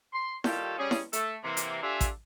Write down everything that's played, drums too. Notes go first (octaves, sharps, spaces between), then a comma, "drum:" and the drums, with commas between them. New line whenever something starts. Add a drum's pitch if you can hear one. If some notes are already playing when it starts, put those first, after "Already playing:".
C6
D#3 G3 F4 G4 A4 C#5, drum: snare E4
G3 C#4 G#4
drum: snare E4
A3 A4, drum: hi-hat
C3 E3 A#3
drum: hi-hat
D4 F4 G4 A4 E5 G#5
drum: kick A1, hi-hat